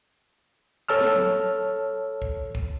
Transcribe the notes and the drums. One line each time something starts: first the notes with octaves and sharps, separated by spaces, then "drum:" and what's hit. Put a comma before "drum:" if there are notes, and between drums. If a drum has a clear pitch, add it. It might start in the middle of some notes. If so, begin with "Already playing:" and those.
A4 C#5 A5 E6 F6
drum: snare
drum: tom
drum: kick
drum: kick